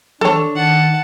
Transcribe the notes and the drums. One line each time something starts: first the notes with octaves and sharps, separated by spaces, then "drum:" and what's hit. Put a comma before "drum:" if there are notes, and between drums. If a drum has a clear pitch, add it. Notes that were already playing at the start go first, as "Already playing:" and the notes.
D4 A4 C#5, drum: tom
D#3 F#5 A5